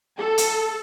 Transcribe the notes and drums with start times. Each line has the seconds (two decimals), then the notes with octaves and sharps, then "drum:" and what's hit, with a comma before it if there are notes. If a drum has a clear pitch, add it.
0.17 A4
0.38 drum: hi-hat